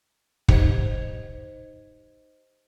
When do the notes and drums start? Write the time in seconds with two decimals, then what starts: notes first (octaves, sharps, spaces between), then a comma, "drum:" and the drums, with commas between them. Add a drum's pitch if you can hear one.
0.48 D#4 G4 C5 D#5 G#6, drum: kick